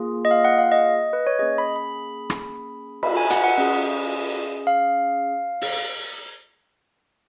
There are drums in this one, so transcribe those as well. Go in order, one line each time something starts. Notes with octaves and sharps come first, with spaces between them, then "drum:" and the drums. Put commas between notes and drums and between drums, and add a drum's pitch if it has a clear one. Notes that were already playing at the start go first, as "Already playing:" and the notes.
Already playing: A#3 F4 G#4
D#5
F5
F#5
F5
D#5
B4
C#5
A#3 C#4 G#4 D#5
B5
B5
drum: rim click
B5, drum: cymbal
G#5
F#5, drum: hi-hat
F#5
C#4 G#4
F5
drum: open hi-hat